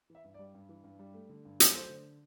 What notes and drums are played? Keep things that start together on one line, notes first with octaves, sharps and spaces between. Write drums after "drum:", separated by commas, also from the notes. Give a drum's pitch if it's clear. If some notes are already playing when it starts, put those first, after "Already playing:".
E3
E5
G2
D5
G3
G2
E3
G2
G3
A3
D3
G2
F#3, drum: hi-hat
A3 C5
D3